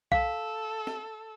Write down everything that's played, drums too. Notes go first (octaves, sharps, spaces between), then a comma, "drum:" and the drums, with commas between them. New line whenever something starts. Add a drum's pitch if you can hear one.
A4 F5, drum: kick B1
drum: snare